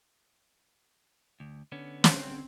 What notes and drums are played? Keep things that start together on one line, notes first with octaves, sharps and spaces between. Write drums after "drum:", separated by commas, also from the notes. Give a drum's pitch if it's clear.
D2
D3 B3 C#4
C4, drum: snare